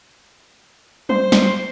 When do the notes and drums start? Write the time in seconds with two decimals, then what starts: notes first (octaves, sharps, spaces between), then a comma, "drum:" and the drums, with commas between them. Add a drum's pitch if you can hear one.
1.09 C5, drum: tom F#3
1.32 drum: snare